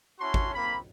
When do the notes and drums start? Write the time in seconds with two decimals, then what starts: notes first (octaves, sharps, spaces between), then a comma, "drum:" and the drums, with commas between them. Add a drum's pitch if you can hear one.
0.20 C#4 E4 F#4 A5 C6
0.34 drum: kick G#1
0.54 A#3 C4 B5